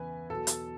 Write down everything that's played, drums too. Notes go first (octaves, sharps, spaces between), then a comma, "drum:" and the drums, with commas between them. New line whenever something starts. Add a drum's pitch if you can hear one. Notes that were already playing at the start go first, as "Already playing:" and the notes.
Already playing: E2 C#3 E3 B4 G#5
E2 B2 F#3 A4
drum: hi-hat